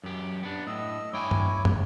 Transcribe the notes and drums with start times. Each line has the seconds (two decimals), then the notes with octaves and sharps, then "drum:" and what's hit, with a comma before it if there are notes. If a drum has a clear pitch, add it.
0.04 F#2 G4
0.43 B3 D4
0.67 A2 D#5 E6
1.13 G2 E4 C#5 G5 G#5 D6
1.31 drum: tom G2
1.65 C#2, drum: tom